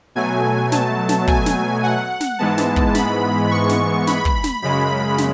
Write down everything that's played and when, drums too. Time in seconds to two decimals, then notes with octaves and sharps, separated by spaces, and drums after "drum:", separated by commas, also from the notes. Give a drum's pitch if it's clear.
0.15 B2 F#3 A3 G#5
0.72 A5, drum: snare
1.09 drum: snare
1.28 G#5, drum: kick
1.46 drum: snare
1.83 F#5
2.21 drum: snare
2.39 G#2 E3 G#3 B3 A5
2.58 drum: snare
2.76 drum: kick
2.95 B5, drum: snare
3.51 C#6
3.69 drum: snare
4.07 B5, drum: snare
4.25 drum: kick
4.44 drum: snare
4.62 F#2 C#3 G#3 B5
5.18 drum: snare